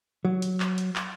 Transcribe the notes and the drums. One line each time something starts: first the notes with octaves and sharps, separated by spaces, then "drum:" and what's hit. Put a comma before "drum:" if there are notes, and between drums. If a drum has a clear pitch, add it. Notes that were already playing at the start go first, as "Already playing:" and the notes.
F#3
drum: hi-hat
drum: clap
drum: hi-hat
drum: clap